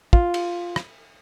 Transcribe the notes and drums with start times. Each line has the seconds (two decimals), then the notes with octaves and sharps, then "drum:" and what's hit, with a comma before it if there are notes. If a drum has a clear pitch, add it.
0.13 F4, drum: kick
0.34 drum: cymbal
0.76 drum: rim click